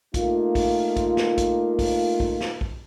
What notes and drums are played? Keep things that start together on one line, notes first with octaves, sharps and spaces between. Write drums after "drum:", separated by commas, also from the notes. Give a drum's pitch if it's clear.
A3 A#3 D#4 F4, drum: kick, hi-hat
drum: kick, open hi-hat
drum: kick, hi-hat
drum: snare
drum: kick, hi-hat
drum: kick, open hi-hat
drum: kick
drum: snare
drum: kick